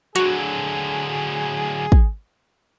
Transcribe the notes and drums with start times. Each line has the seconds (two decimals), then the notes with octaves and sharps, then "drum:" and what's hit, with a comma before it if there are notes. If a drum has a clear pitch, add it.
0.16 D3 F#3 F#4 G#4, drum: hi-hat
1.92 drum: kick